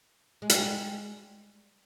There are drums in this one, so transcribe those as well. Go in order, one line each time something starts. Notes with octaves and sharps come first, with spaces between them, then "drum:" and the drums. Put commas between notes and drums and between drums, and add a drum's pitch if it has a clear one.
G#3
G3, drum: hi-hat
G#3